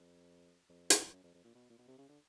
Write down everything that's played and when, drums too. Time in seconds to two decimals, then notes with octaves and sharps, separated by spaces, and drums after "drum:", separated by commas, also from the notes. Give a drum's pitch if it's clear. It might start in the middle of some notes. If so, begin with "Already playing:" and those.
Already playing: F2
0.69 F2
0.90 drum: hi-hat
1.12 F#2
1.24 F2
1.34 F2
1.45 A#2
1.55 B2
1.70 A#2
1.78 B2
1.88 C3
1.98 C#3
2.09 D3